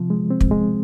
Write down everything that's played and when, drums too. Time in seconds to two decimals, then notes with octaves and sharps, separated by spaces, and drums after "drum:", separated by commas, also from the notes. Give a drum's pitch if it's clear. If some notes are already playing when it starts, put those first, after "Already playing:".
Already playing: C3 F3
0.10 G#3
0.30 C4
0.41 drum: kick
0.51 G#3